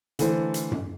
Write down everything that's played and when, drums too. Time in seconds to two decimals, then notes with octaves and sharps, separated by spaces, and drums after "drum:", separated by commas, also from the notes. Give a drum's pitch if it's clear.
0.19 D3 E3 A3 A4 C5, drum: hi-hat
0.54 drum: hi-hat
0.72 drum: tom F#2